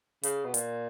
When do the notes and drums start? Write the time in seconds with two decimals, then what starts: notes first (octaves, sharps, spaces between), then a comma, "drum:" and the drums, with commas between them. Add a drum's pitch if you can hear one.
0.23 C#3, drum: hi-hat
0.44 B2
0.54 A#2, drum: hi-hat